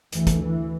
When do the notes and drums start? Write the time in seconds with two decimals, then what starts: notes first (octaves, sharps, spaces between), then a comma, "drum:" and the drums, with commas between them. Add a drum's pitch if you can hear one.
0.12 D2 E3, drum: hi-hat
0.27 drum: kick, hi-hat
0.41 E3